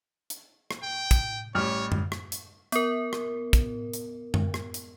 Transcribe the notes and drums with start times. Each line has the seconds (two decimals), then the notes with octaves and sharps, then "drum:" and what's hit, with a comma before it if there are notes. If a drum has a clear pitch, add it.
0.30 drum: hi-hat
0.71 drum: rim click
0.83 G5
1.11 drum: kick, hi-hat
1.55 A1 G3 C#5 F6
1.92 drum: tom F#2
2.12 drum: rim click
2.32 drum: hi-hat
2.72 B3 A#4, drum: hi-hat
3.13 drum: rim click
3.53 drum: kick, hi-hat
3.93 drum: hi-hat
4.34 drum: tom F#2
4.54 drum: rim click
4.74 drum: hi-hat